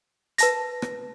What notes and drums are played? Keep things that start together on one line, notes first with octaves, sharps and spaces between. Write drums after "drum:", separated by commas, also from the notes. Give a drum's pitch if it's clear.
B4 A5 A#6, drum: hi-hat
drum: rim click